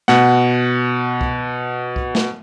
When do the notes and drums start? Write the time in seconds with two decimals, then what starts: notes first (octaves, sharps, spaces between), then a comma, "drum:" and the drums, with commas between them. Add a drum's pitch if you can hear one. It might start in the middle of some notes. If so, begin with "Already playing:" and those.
0.08 B2 F#5, drum: snare
1.21 drum: kick C2
1.96 drum: kick C2
2.15 drum: snare